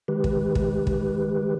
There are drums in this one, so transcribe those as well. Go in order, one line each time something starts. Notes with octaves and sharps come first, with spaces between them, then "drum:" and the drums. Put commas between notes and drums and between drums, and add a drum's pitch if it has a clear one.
D#3 G#3 G4 B4
drum: kick
drum: kick
drum: kick